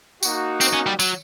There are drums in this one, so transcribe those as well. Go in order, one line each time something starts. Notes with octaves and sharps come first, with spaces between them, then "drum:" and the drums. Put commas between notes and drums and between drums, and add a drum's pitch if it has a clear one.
A#3 D#4 F#4, drum: tambourine
C4, drum: tambourine
C#4
G3
F#3, drum: tambourine